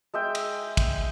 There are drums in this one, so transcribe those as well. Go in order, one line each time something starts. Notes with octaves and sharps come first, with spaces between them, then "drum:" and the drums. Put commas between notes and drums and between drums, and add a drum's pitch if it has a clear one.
G#3 E5 G5
drum: cymbal
drum: kick, cymbal